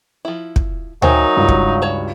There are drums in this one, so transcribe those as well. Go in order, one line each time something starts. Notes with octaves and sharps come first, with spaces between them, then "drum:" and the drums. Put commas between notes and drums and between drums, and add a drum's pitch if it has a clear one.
F3 E4
drum: kick
F#3 D#4 A#4 C5 E5 G5 G#5, drum: tom D2
C#2 G2
drum: kick
F#4 C#5 A5